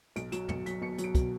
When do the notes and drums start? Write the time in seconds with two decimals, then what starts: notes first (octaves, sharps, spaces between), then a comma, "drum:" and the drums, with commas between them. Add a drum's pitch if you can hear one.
0.16 B1 D7, drum: hi-hat
0.32 F#3 E7, drum: hi-hat
0.48 B1 C#7, drum: tom
0.66 F#3 B6, drum: hi-hat
0.81 B2 C#7
0.98 F#3, drum: hi-hat
1.04 D7
1.15 B2, drum: kick, hi-hat